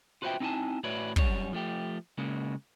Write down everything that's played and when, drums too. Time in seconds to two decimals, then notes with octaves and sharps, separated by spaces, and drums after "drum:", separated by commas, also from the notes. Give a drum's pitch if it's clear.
0.22 F4 F#4 B4 C5 E5 G5
0.40 C4 D#4 E4 F#5 G#5 A5
0.84 A2 E4 F#4 B4 C#5 D5
1.16 F#2 G3 C#5, drum: kick
1.53 F3 A3 G4
2.18 C#3 G#3 A#3